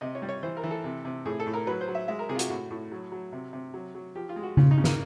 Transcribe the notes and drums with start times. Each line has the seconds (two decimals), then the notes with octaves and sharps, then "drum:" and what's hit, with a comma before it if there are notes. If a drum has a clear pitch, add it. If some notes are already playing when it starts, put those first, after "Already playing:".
0.01 C3 D#5
0.15 C#5
0.22 G3
0.29 C#5
0.43 E3 C5
0.57 A#4
0.63 E3
0.71 A4
0.84 C3
1.05 C3
1.25 A2 G#4
1.40 A4
1.46 A2
1.53 A#4
1.67 F#3 B4
1.81 C5
1.88 F#3
1.95 E5
2.08 G#3 E5
2.19 A#4
2.29 C3 G#4
2.35 F4
2.39 F#4, drum: hi-hat
2.50 A2 F#4
2.70 A2
2.92 F#3
3.12 F#3
3.33 C3
3.53 C3
3.74 F#3
3.95 F#3
4.15 F3 G4
4.29 F4
4.36 G#3
4.43 F#4
4.57 C#3 F4, drum: tom C#3
4.71 D#4
4.78 C#3
4.84 A#3, drum: snare